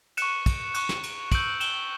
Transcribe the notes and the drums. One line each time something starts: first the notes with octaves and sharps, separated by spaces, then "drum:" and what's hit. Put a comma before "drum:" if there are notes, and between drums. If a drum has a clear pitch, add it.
C#6 F#6 C#7 E7, drum: cymbal
drum: kick, cymbal
C#6 F#6, drum: cymbal
drum: snare
drum: cymbal
C#6 E6 G6 D7 F#7, drum: kick, cymbal
E7 G7, drum: cymbal